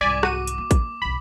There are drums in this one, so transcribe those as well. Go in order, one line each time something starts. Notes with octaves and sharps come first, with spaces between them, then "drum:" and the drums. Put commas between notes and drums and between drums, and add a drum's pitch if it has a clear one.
C2 G#2 D5 G#5 D6 B6
F#4 D#7, drum: rim click
drum: hi-hat
A#3
drum: kick, hi-hat
B1 E2 B5